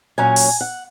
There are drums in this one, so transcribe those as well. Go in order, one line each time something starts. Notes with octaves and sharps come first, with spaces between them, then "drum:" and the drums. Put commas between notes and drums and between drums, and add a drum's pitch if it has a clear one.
A#2 F#3 C#4 G#5
drum: open hi-hat
F#5